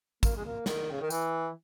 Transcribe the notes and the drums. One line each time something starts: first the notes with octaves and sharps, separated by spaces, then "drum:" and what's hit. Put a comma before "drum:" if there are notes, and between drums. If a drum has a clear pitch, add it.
A#3, drum: kick, tambourine
G#3
A#3
D#3, drum: snare
C#3
D#3
E3, drum: tambourine